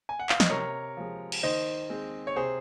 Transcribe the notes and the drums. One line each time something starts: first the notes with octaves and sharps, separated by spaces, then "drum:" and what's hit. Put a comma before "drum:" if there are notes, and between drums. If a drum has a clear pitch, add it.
G#5
F#5
F5, drum: clap
D#5, drum: snare
C3 A#4 C#5
F3 G#3
drum: cymbal
D#3 C5 D#5
G#3 C4
C#5
C3 G#4 C5